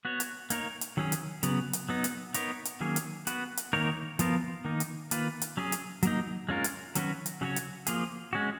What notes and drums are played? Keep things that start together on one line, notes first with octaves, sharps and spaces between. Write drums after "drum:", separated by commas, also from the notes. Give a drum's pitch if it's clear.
B3 F#4 C#5
drum: hi-hat
A#3 D#4 A#4 C#5, drum: hi-hat
drum: hi-hat
D#3 F#3 C#4 G#4
drum: hi-hat
C#3 F#3 B3, drum: hi-hat
drum: hi-hat
F#3 B3 D#4
drum: hi-hat
B3 D#4 A#4 C#5, drum: hi-hat
drum: hi-hat
D#3 F#3 A#3 C#4 G#4
drum: hi-hat
B3 F#4 B4, drum: hi-hat
drum: hi-hat
D#3 A#3 D#4 A#4 C#5
F3 B3 F4 A#4, drum: hi-hat
D#3 A#3 D#4
drum: hi-hat
D#3 A#3 F4 B4, drum: hi-hat
drum: hi-hat
F#3 C#4 G#4
drum: hi-hat
F#3 A#3 D#4, drum: hi-hat
G#3 C#4 F4 A#4
drum: hi-hat
D#3 F#3 C#4 F#4 B4, drum: hi-hat
drum: hi-hat
C#3 F#3 C#4 F#4 C#5
drum: hi-hat
F3 A#3 F4 G#4, drum: hi-hat
G#3 C#4 F#4